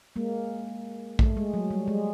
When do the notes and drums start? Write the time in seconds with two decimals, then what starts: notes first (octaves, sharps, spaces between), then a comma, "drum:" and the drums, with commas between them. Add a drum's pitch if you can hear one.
0.16 G#3 A#3
1.19 A3, drum: kick A#1
1.37 G#3
1.54 F#3
1.70 G3
1.88 G#3